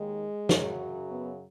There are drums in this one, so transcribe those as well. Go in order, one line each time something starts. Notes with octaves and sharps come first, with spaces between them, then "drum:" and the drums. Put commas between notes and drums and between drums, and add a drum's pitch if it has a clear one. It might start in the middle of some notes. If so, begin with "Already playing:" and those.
Already playing: D#2 D#3 G#3
F#2 C#3 F#3, drum: snare
B3